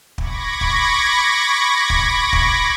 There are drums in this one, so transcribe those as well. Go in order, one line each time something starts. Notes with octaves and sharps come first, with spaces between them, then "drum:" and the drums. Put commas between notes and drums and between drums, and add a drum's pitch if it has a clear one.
B5 C#6 D6 G#6 A#6, drum: kick
drum: kick
drum: kick
drum: kick